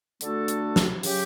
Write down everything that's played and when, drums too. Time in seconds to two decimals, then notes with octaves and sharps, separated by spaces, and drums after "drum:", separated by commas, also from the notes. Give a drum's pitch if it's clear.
0.21 D3 A3 D4 F#4 A4, drum: hi-hat
0.48 drum: hi-hat
0.76 drum: snare
1.03 C#3 F#3 C#4 G4, drum: open hi-hat